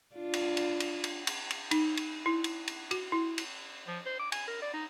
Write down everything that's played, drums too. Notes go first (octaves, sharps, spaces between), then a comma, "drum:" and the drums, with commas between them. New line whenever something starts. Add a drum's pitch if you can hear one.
D4 F4
drum: cymbal
drum: cymbal
drum: cymbal
drum: cymbal
drum: cymbal
drum: cymbal
D#4, drum: cymbal
drum: cymbal
E4
drum: cymbal
drum: cymbal
F#4, drum: cymbal
E4
drum: cymbal
F3
C5
D6
G#5, drum: cymbal
A#4
D5
D#4